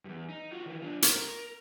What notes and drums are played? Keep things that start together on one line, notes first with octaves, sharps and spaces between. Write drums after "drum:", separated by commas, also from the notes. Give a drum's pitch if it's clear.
E2 G2
D#4
F4 F#4
D#3 E3
D4 F4
A#4, drum: hi-hat